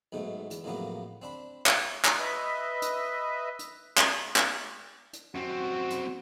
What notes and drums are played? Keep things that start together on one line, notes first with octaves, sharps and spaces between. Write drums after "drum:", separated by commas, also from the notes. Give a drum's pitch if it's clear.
B1 G#2 B2 A3
E2, drum: hi-hat
F2 A2 C#3 F#3 A#3 B3
C4 D4 B5
drum: clap
drum: clap
B4 D#5 E5
drum: hi-hat
drum: hi-hat
drum: clap
drum: clap
drum: hi-hat
F#2 C4 F#4
drum: hi-hat